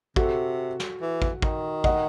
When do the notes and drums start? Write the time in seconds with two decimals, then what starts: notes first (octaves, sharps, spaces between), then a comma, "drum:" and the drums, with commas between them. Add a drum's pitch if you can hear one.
0.16 C3 F#4 A4, drum: kick
0.80 drum: snare
1.01 E3
1.22 drum: kick
1.42 D#3, drum: kick
1.84 D#5 F#5, drum: kick